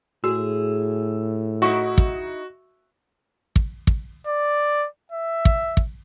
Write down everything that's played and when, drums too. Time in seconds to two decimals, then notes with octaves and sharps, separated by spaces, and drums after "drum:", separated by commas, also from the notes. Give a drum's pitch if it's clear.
0.24 A2 F#4 G#4 E6
1.62 D#4 E4 F#4 E5 C#6
1.98 drum: kick
3.56 drum: kick
3.87 drum: kick
4.27 D5
5.12 E5
5.45 drum: kick
5.77 drum: kick